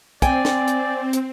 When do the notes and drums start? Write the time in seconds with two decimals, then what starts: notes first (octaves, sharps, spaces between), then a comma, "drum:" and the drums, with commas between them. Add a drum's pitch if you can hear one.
0.22 C4 D5 G5 G#5, drum: kick, hi-hat
0.45 drum: snare
0.68 drum: hi-hat
1.13 drum: hi-hat